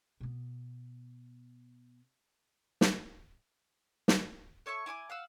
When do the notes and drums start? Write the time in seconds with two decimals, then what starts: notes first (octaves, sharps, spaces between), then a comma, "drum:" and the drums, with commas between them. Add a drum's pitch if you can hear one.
0.20 B2 B3
2.81 drum: snare
4.08 drum: snare
4.66 A4 C#5 E5 C#6
4.86 E4 G#5 C#6 D6
5.10 F5 F#5 E6